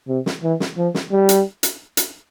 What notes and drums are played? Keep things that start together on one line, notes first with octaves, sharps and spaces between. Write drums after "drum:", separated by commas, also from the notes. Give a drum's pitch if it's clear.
C3
drum: snare
E3
drum: snare
F3
drum: snare
G3
drum: hi-hat
drum: hi-hat
drum: hi-hat